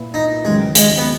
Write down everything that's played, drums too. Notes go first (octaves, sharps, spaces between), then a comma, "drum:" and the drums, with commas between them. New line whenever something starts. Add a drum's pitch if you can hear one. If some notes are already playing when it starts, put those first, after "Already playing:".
Already playing: A#2 A#3 E4 B4 E5
D#4
D#2 C#3 F#3 G#3
G#3, drum: hi-hat
B3